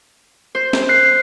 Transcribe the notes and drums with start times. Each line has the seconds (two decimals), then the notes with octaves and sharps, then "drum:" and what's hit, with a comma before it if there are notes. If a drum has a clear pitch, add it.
0.55 C5
0.73 drum: snare
0.89 F#6 C7